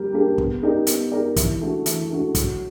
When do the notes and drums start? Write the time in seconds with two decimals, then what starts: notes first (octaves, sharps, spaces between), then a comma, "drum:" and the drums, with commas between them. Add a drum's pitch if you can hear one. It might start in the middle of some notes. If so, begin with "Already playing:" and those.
Already playing: G3 A#3 G4 A#4
0.13 A#3 D4 G4 A#4
0.38 B3, drum: kick
0.63 D#4 G4 A#4 D5
0.87 B3, drum: hi-hat
1.12 D#4 G4 A#4 D5
1.36 E3, drum: kick, hi-hat
1.61 A3 D4 F#4
1.86 E3, drum: hi-hat
2.10 A3 D4 F#4
2.35 F#3, drum: kick, hi-hat